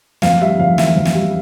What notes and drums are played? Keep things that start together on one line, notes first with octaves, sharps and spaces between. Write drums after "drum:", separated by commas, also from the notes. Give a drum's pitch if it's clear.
F2 F5, drum: snare
G3 E5
F2 F5
E3 E5, drum: snare
F2
drum: snare
G3